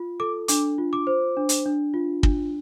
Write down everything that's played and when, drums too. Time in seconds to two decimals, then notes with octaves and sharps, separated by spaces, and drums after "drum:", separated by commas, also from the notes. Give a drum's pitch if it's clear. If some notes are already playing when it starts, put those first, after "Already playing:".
Already playing: F4
0.20 A4 D6
0.48 D4 D6, drum: hi-hat
0.78 F4
0.93 D6
1.07 C5
1.37 D4
1.49 drum: hi-hat
1.66 D4
1.94 F4
2.23 D4, drum: kick